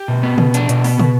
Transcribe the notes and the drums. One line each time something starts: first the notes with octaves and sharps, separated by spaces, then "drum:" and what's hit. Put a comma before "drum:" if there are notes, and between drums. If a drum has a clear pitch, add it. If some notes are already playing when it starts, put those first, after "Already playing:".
Already playing: G4
B2
B3
B2, drum: tom
D4, drum: hi-hat
B2, drum: hi-hat
B3, drum: open hi-hat
B2, drum: tom